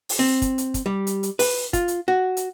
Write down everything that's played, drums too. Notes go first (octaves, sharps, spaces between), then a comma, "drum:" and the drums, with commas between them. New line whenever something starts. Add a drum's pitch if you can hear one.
drum: open hi-hat
C4
drum: kick, hi-hat
drum: hi-hat
drum: kick, hi-hat
G3
drum: hi-hat
drum: hi-hat
B4, drum: open hi-hat
F4, drum: kick, hi-hat
drum: hi-hat
F#4
drum: hi-hat